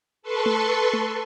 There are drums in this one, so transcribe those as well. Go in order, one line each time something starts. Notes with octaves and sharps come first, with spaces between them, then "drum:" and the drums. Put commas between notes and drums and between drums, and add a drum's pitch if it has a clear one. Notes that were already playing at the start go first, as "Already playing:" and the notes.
A4 B4 A5 C6 C#6
drum: tom A3
drum: tom A3